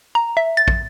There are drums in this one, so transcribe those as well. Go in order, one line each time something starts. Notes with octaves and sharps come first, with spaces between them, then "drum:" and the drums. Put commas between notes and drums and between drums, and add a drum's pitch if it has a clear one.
A#5
E5
A6
drum: kick